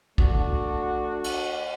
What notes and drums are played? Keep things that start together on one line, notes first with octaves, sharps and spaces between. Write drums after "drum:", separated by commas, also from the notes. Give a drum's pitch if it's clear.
A3 D4 F#4, drum: kick
drum: cymbal